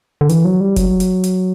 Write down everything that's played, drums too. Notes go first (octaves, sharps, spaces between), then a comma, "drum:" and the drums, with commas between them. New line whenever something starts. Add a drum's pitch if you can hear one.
D3
E3, drum: hi-hat
F#3
G3
F#3, drum: kick F1, hi-hat
drum: hi-hat
drum: hi-hat